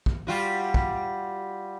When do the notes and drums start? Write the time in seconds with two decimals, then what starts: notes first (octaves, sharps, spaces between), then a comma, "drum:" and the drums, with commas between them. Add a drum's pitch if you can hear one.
0.06 drum: kick
0.27 G3 F4 F#4
0.74 drum: kick